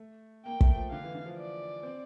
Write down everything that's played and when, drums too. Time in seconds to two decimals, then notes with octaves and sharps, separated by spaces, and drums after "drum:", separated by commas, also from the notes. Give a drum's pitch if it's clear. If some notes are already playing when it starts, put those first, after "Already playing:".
Already playing: A3
0.45 A#3 G5
0.61 A3, drum: kick
0.76 F3
0.91 D3 F5
1.03 E3
1.15 D3
1.26 F3
1.38 D5
1.83 C4